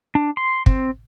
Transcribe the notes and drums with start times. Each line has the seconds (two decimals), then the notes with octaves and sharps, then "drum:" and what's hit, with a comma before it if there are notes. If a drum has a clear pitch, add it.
0.15 D4
0.37 C6
0.66 C4, drum: kick